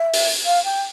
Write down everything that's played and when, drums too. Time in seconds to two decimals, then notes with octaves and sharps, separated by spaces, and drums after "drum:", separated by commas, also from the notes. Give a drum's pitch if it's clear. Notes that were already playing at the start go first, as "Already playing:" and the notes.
Already playing: E5
0.14 drum: open hi-hat
0.46 F5
0.65 G5